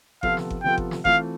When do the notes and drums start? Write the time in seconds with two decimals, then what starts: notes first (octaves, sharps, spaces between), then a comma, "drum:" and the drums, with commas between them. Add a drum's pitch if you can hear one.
0.23 C3 F3 B3 F4 A4 F5, drum: kick G1
0.37 drum: snare
0.50 drum: kick G1
0.63 C3 F3 B3 F4 A4 G5
0.78 drum: kick G1
0.91 drum: snare
1.05 E3 A3 C4 F4 F5, drum: kick G1